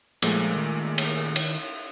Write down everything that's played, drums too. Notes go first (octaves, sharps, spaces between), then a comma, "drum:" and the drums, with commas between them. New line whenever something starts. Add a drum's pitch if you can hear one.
A#2 F3 G#3 A3, drum: cymbal
D#3
drum: cymbal
drum: cymbal